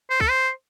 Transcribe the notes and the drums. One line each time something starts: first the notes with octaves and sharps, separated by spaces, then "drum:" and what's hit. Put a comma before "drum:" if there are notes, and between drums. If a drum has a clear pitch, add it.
C5
A4, drum: kick
C5